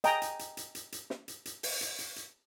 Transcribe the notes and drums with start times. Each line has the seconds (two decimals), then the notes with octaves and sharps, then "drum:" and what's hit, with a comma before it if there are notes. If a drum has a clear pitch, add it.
0.04 D#5 G5 G#5 A#5, drum: hi-hat
0.22 drum: hi-hat
0.39 drum: hi-hat
0.57 drum: hi-hat
0.75 drum: hi-hat
0.92 drum: hi-hat
1.10 drum: snare
1.28 drum: hi-hat
1.45 drum: hi-hat
1.63 drum: open hi-hat
1.81 drum: hi-hat
1.99 drum: hi-hat
2.16 drum: hi-hat